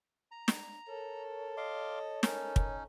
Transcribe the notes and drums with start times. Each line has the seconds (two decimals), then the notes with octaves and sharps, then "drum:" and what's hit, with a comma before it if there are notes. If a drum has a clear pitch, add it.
0.31 A#5
0.48 drum: snare
0.88 A4 A#4 C#5
1.57 D#5 F5 C6 D6
2.23 C#4 D#4 A#4, drum: snare
2.56 drum: kick